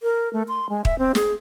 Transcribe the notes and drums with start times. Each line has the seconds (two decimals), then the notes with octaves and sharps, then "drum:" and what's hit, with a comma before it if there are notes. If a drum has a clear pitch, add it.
0.03 A#4
0.33 A3
0.48 C6
0.69 G#3
0.85 E5, drum: kick
0.99 C4
1.15 G#4, drum: snare